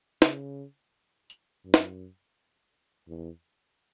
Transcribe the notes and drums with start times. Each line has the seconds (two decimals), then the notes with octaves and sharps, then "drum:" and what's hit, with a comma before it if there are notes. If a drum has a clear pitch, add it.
0.22 C#3, drum: snare
1.30 drum: tambourine
1.65 F#2
1.74 drum: snare
3.08 E2